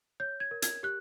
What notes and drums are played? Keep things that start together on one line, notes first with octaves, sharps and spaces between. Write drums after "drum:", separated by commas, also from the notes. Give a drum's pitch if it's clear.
C#5 G6
G#6
A#4
G#6, drum: hi-hat
G4 F#6